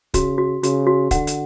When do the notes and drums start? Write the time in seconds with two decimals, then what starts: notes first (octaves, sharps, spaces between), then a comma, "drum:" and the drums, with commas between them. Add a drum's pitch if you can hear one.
0.14 C#3 F#4, drum: kick, hi-hat
0.38 F#4
0.63 C#3 F#4, drum: hi-hat
0.87 F#4
1.11 D3 F#5, drum: kick, hi-hat
1.27 drum: hi-hat